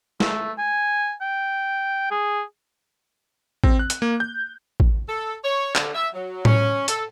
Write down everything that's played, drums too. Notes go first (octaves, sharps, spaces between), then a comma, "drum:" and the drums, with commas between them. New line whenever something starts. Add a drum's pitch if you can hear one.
A3, drum: snare
G#5
G5
G#4
C4, drum: kick A1
F#6
drum: hi-hat
A#3
G6
drum: kick A1
A4
C#5
D3, drum: clap
E5
F#3
C#4, drum: tom A2
A4, drum: hi-hat